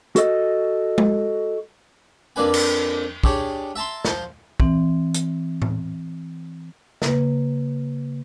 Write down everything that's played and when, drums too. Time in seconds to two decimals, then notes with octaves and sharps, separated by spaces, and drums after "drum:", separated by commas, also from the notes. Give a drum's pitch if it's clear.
0.16 F#4 A4 D#5, drum: hi-hat
0.98 drum: tom G#3
2.36 F2 A#3 D4 B4 G#5
2.54 drum: cymbal
3.24 D4 G4 G#4 C#5, drum: kick
3.76 E5 A5 A#5 C6
4.05 F3 C5, drum: snare
4.60 E3 C4, drum: kick
5.14 drum: hi-hat
5.62 drum: tom A2
7.02 C#3 A#3 B4, drum: snare